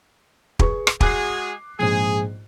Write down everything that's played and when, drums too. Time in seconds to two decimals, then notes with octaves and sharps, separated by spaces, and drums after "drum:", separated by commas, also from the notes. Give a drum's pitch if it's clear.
0.59 G#4 B4 C#6, drum: kick
0.87 drum: rim click
1.01 G#3 F#4 G#4 D6 F#6 C7, drum: kick
1.79 A#1 G#2 G#4